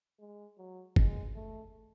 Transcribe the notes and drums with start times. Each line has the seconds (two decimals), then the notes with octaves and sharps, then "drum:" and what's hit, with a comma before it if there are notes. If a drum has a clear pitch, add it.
0.19 G#3
0.58 F#3
0.96 G#3, drum: kick
1.35 A3